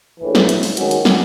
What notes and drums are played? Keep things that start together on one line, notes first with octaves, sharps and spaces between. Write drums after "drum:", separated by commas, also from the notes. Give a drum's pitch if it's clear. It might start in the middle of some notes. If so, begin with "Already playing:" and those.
A#1 A2 E3
drum: snare
drum: hi-hat
drum: open hi-hat
D#3 G#3 C#4 F#4, drum: hi-hat
drum: hi-hat
drum: snare